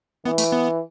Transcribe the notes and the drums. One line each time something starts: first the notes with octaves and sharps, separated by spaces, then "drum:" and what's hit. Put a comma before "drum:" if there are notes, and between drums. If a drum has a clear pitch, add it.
E3 B3
A3, drum: tambourine
B3